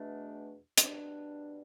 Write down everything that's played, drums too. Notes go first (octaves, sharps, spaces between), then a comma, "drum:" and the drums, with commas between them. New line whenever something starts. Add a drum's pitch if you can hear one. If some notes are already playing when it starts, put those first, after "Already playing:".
Already playing: E2 B2 A3 D4
B2 G3 D4, drum: hi-hat